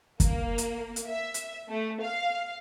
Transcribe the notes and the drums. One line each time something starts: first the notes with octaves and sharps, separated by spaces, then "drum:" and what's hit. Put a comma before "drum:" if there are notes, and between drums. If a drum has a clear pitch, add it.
A#3, drum: kick, hi-hat
drum: hi-hat
drum: hi-hat
E5
drum: hi-hat
A3
F5